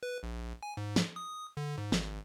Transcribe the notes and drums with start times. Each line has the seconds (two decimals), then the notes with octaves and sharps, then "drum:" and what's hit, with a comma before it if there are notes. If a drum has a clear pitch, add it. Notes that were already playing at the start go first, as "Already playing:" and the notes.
0.03 B4
0.23 A#1
0.63 G#5
0.77 G#2
0.96 drum: snare
1.16 D#6
1.57 D3
1.78 G#2
1.92 G#1, drum: snare